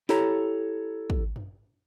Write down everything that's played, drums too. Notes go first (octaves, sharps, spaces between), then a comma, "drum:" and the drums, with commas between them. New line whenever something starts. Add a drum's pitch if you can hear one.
E4 G4 A4 C#5 A#5, drum: snare
drum: kick
drum: tom F#2